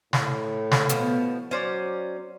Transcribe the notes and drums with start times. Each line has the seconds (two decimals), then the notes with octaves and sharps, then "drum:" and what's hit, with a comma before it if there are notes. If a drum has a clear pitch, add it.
0.13 A2, drum: snare
0.72 drum: snare
0.89 B2 F3 B3, drum: hi-hat
1.51 F#3 C#4 C5 D5